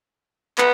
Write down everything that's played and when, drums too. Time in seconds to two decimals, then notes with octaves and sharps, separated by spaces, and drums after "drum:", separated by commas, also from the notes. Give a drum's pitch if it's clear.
0.58 B3, drum: clap